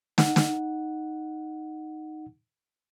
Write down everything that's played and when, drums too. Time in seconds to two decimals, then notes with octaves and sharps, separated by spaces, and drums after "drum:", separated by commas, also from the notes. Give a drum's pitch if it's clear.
0.18 D#4 F#5, drum: snare
0.36 drum: snare